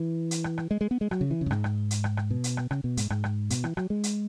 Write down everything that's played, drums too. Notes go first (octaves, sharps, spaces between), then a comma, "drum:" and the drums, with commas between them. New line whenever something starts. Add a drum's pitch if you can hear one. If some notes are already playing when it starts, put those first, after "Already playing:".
Already playing: E3
drum: hi-hat
drum: rim click
drum: rim click
G#3
G#3
B3
G#3
F#3, drum: rim click
C#3
E3
C#3
F#2
G#2, drum: rim click
drum: rim click
drum: hi-hat
drum: rim click
drum: rim click
B2
drum: hi-hat
drum: rim click
C#3, drum: rim click
B2
G#2, drum: hi-hat
G#2, drum: rim click
drum: rim click
B2, drum: hi-hat
E3, drum: rim click
F#3, drum: rim click
G#3
drum: hi-hat